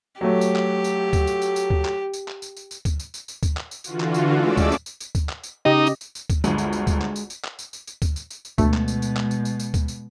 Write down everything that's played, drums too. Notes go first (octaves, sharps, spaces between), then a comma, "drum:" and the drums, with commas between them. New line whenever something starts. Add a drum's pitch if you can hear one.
F#3 A3 G4
drum: tambourine
drum: clap
drum: tambourine
drum: kick D2, tambourine
drum: tambourine
drum: tambourine
drum: tambourine
drum: kick D2
drum: clap
drum: tambourine
drum: clap
drum: tambourine
drum: tambourine
drum: tambourine
drum: kick D2, tambourine
drum: tambourine
drum: tambourine
drum: tambourine
drum: kick D2, tambourine
drum: clap
drum: tambourine
D3 E3 F4 F#4, drum: tambourine
drum: clap
drum: tambourine
G#3 A3 C#4 D5 D6 E6
drum: kick D2, tambourine
drum: tambourine
drum: tambourine
drum: tambourine
drum: kick D2, tambourine
drum: clap
drum: tambourine
C#3 D#4 G4 D#5
drum: tambourine
drum: tambourine
drum: tambourine
drum: kick D2, tambourine
G1 D2 G#3, drum: tambourine
drum: tambourine
drum: tambourine
drum: kick D2, tambourine
drum: clap
drum: tambourine
drum: tambourine
drum: clap
drum: tambourine
drum: tambourine
drum: tambourine
drum: kick D2, tambourine
drum: tambourine
drum: tambourine
drum: tambourine
D2 B2 G#3 A3, drum: kick D2, tambourine
drum: clap
drum: tambourine
drum: tambourine
drum: clap
drum: tambourine
drum: tambourine
drum: tambourine
drum: kick D2, tambourine
drum: tambourine